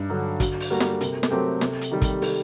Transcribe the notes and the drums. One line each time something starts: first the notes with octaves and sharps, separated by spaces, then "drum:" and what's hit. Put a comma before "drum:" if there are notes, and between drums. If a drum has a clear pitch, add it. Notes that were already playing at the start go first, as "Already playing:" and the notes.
Already playing: G2 D#4
D3 F#3
D3 F#4, drum: kick, hi-hat
drum: open hi-hat
G3 A#3 F#4 A4 A#4
drum: snare
A4
C3 A#4, drum: hi-hat
A4, drum: snare
F#3 A3 C4 G4 A#4
C3 A4, drum: snare
drum: hi-hat
D#3 G3 G4
drum: kick, hi-hat
A4, drum: open hi-hat